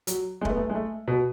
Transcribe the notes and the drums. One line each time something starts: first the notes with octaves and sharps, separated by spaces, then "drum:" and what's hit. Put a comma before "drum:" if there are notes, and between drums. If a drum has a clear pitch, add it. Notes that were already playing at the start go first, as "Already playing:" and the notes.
F#3, drum: hi-hat
G#3
A3, drum: kick
B3
A3
G#3
A3
B2